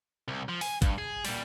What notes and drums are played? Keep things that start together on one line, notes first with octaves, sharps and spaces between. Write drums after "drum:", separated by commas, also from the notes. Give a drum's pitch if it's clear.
C2
F3
G#5, drum: open hi-hat
G2, drum: kick A1, hi-hat
G#4
A#2 G3, drum: open hi-hat